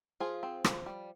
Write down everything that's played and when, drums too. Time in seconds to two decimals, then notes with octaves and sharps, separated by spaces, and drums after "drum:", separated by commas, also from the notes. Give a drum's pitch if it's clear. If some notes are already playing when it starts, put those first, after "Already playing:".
0.20 F3 F4 G#4
0.43 C4
0.64 F3, drum: rim click
0.86 G3